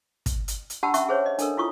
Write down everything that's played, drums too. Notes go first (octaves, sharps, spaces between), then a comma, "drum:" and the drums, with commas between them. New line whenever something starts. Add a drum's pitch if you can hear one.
drum: kick, hi-hat
drum: hi-hat
drum: hi-hat
D4 G4 F#5 A5 B5 E6
C#4 E5 F#5 C#6, drum: hi-hat
G#4 C5 C#5
D#5
D4 A4 A#4, drum: hi-hat
E4 F4 C#6 D#6